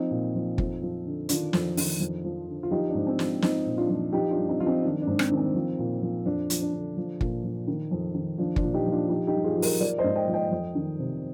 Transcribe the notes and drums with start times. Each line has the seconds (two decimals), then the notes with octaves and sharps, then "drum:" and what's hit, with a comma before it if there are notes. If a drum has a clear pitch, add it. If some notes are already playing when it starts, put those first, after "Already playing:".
Already playing: F3 C4 D#4
0.11 A#2
0.35 F3
0.58 F2, drum: kick
0.82 F3
1.06 D3
1.29 D#3 D4 F4, drum: hi-hat
1.53 F2, drum: snare
1.77 D#3, drum: open hi-hat
2.00 F2
2.24 F3
2.48 D3
2.63 F4
2.71 F3 D#4 G4
2.89 D4
2.95 G#2
3.07 C4
3.19 F3, drum: snare
3.42 F3 C4 D#4, drum: snare
3.66 A#2
3.78 D4 F4
3.90 F3
4.13 F3 D#4 G4
4.31 D4 F4
4.37 G2
4.49 C4 D#4
4.60 F3 F4
4.66 C4 D#4
4.84 D#3 D4
5.02 D4
5.07 G#2
5.19 C4, drum: rim click
5.32 D#3
5.37 C4
5.55 F3
5.79 A#2
6.02 F3
6.25 F2 D4
6.50 F3, drum: hi-hat
6.62 D4
6.73 D3
6.97 F3
7.21 A#2, drum: kick
7.44 F3
7.67 D#3
7.91 F2
8.14 D#3
8.38 F3 D4
8.56 D4 F4, drum: kick
8.63 A#2
8.74 D#4 G4
8.86 F3
8.92 D4 F4
9.09 F3 D#4 G4
9.27 D#4 G4
9.34 G2
9.44 F4 G#4
9.56 F3
9.62 G4 A#4, drum: open hi-hat
9.80 F3 A#4 D5
9.98 C5 D#5
10.04 G#2
10.15 D#5 G5
10.28 F3
10.34 D#5 G5
10.51 F2
10.75 D#3
10.99 C3